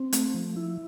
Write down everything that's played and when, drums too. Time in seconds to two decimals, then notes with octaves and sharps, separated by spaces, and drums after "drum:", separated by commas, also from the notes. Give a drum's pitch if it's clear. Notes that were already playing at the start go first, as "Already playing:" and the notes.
Already playing: C4
0.13 A3, drum: hi-hat
0.35 F3
0.57 E4